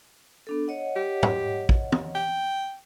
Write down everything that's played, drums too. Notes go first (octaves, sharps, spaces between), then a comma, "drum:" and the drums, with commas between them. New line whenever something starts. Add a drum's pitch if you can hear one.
B3 D4 A4
C#5 D#5 F#5
G4
drum: tom
drum: kick A1
drum: tom
G5